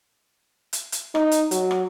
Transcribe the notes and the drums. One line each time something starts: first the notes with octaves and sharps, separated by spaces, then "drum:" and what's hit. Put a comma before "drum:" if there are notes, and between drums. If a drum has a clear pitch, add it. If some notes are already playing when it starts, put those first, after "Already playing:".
drum: hi-hat
drum: hi-hat
D#4, drum: rim click
drum: hi-hat
F#3, drum: hi-hat
drum: rim click